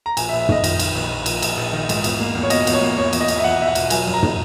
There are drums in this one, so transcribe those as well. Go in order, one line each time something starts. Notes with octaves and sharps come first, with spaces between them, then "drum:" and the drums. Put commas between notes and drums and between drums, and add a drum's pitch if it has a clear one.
A#5
A#1 G#5, drum: cymbal
E5
A#1
E5
A#1 D#5, drum: tom
D#3 D#5, drum: cymbal
D#3, drum: cymbal
A#1
A#1
A#1, drum: cymbal
A#1, drum: cymbal
A#1
D#3
G#2, drum: cymbal
E2, drum: cymbal
A#3
E2
C#5
B2 D#5, drum: cymbal
E2, drum: cymbal
C#5
A#3
E2 C#5
E2, drum: cymbal
D#5
E2, drum: cymbal
E5
E2 F#5
B2 E5
F#5
E1, drum: cymbal
F#3 G#5, drum: cymbal
F#2
A#5
F#3, drum: tom